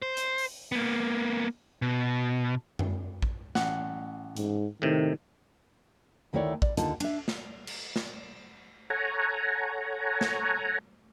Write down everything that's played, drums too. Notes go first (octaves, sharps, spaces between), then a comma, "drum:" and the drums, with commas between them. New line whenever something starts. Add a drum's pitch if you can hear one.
C5
drum: hi-hat
drum: open hi-hat
A#3 B3
B2
drum: tom F#2
drum: kick
A1 F#5, drum: snare
G#2, drum: hi-hat
A2 C3 D#3
D2 D#3 A3 E4 C#5 D5
D5, drum: kick
D#2 D3 D#4 F4 A5, drum: hi-hat
D4 E5, drum: cymbal
drum: snare
drum: cymbal
drum: snare
A4 C#5 F#5 G#5 A#5
drum: snare